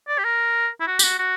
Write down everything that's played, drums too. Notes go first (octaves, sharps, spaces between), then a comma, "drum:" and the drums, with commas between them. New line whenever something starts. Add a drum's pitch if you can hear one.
D5
G4
A#4
E4
F#4
G4, drum: tambourine
F#4
F#4